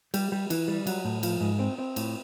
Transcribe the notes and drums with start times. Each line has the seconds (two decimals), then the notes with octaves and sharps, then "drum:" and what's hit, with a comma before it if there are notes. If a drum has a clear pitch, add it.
0.14 G3, drum: cymbal
0.32 G3
0.50 E3, drum: cymbal
0.68 G3
0.87 F#3, drum: cymbal
1.05 A2
1.23 F3, drum: cymbal
1.41 G#2
1.59 C4
1.78 C4
1.96 A2, drum: cymbal